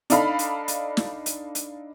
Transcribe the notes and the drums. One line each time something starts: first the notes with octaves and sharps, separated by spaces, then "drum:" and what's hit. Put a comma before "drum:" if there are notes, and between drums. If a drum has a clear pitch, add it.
D4 D#4 A4 F5 B5, drum: hi-hat
drum: hi-hat
drum: hi-hat
drum: snare
drum: hi-hat
drum: hi-hat